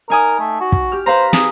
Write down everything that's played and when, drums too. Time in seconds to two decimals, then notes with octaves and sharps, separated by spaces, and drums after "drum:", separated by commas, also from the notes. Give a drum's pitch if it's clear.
0.10 D#4 A#4 G#5 D#6
0.40 A3
0.60 F#4
0.72 drum: kick
0.92 G4 F6
1.06 B4 C5 F5 A#5
1.33 G#4, drum: snare